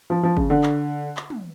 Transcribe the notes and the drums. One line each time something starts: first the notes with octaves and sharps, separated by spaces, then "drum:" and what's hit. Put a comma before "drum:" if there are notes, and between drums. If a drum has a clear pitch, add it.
F3
F3
C#3, drum: kick G1
D3
drum: clap
drum: clap
drum: tom